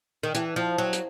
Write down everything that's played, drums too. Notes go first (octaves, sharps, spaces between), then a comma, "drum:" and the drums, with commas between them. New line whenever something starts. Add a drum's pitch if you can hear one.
D#3
E3, drum: hi-hat
F3
F#3
drum: hi-hat